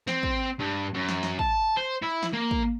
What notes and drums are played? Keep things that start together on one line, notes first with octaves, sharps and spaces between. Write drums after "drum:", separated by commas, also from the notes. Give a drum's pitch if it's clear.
C4, drum: snare
drum: kick
G2
F#2
drum: snare
drum: snare
A5, drum: kick
C5
E4
drum: snare
A#3
drum: kick